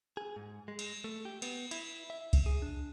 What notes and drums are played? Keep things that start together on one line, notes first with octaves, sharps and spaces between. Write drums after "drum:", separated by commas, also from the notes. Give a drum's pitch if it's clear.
G#4
G#2
G#3
drum: cymbal
A3
G4
B3, drum: cymbal
E4, drum: cymbal
E5
drum: kick C2, cymbal
G#4
D4